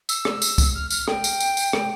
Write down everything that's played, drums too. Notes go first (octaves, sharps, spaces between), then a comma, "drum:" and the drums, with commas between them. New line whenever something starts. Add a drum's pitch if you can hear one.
E6, drum: tambourine
drum: rim click
drum: tambourine
drum: kick C#2, tambourine
F6
F6, drum: tambourine
G5, drum: rim click
drum: tambourine
drum: tambourine
drum: tambourine
drum: rim click